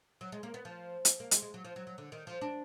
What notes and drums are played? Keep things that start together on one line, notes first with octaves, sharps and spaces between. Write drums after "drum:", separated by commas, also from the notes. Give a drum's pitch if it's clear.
F#3
G#3
A#3
B3
F3
drum: hi-hat
A#3
G#3, drum: hi-hat
G#3
F#3
F3
F#3
F#3
D3
D#3
F3
D4